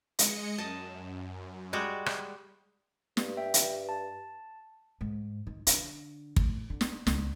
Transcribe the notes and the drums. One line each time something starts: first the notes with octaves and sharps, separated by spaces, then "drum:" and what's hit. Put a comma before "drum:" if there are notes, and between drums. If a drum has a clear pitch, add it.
G#3 D#5 C#7, drum: hi-hat
F#2 D#5 A5
G3 G#3 F#4
drum: rim click
G2, drum: snare
E5 G5
drum: hi-hat
A5
G#2
D#3
D3, drum: hi-hat
A2, drum: kick
D3
drum: snare
C#2, drum: snare